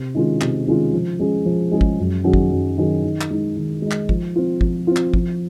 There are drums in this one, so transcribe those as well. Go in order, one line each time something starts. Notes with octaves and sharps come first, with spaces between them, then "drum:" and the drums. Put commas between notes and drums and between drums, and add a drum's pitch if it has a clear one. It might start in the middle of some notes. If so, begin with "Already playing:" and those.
Already playing: C3
D#3 G#3 C#4 F4
C3, drum: clap
D#3 G#3 C#4 F4
F3
G#3 C#4 G#4
F3
G#3 C#4 G#4
drum: kick
F#2
D#3 F#3 C#4 G#4
drum: kick
F#2
D#3 F#3 C#4 G#4
D#3
drum: clap
G#3 D#4
D#3
G#3 D#4
drum: clap
F3, drum: kick
C4 F4
F3, drum: kick
C4 F4
drum: clap
F3, drum: kick